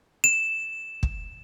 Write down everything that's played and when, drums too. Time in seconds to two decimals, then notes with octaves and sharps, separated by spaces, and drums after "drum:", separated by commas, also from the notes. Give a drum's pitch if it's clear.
0.24 E7
1.03 drum: kick